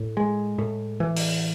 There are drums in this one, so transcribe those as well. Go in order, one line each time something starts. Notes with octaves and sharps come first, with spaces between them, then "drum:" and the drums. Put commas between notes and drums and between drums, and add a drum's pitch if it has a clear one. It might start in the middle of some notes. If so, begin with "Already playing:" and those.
Already playing: A2
G#3
A2
E3
drum: open hi-hat